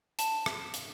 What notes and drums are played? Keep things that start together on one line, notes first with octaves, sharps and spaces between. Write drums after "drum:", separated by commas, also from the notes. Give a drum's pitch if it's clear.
A5, drum: hi-hat
drum: rim click
drum: hi-hat